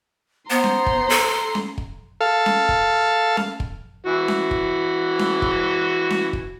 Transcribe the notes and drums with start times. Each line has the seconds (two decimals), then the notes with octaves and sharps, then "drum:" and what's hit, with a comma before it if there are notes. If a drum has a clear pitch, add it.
0.50 B3 C5 A#5 C6
0.64 drum: snare C#4
0.86 drum: kick
1.10 A4
1.55 drum: snare C#4
1.78 drum: kick
2.21 A4 F5
2.46 drum: snare C#4
2.69 drum: kick
3.37 drum: snare C#4
3.60 drum: kick
4.05 E3 F#4
4.28 drum: snare C#4
4.51 drum: kick
5.19 drum: snare C#4
5.42 drum: kick
6.10 drum: snare C#4
6.33 drum: kick